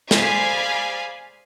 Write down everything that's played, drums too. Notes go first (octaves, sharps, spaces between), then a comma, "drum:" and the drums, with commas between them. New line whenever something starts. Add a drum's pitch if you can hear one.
G#4 C5 D5 F5 G#5 B5, drum: snare